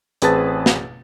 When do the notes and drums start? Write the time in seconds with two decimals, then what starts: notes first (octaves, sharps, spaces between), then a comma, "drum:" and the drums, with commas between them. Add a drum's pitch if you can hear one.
0.22 A1 C4 G#4 B4 A5 A6, drum: hi-hat
0.66 drum: snare